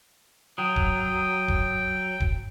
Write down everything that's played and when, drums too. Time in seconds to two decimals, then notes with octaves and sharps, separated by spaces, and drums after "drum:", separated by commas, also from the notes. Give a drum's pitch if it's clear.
0.58 F#3 G5 D#6
0.76 drum: kick D#1
1.48 drum: kick D#1
2.20 drum: kick D#1